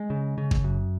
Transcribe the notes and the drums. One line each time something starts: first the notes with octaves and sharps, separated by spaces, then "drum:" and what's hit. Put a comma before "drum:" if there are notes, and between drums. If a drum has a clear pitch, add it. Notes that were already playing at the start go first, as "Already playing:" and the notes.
Already playing: G#3
C#3
C#3
drum: kick
F#2